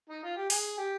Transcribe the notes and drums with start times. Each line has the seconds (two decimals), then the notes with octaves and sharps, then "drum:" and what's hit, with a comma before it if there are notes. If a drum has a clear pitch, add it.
0.09 D#4
0.23 F4
0.37 G4
0.50 G#4, drum: open hi-hat
0.78 G4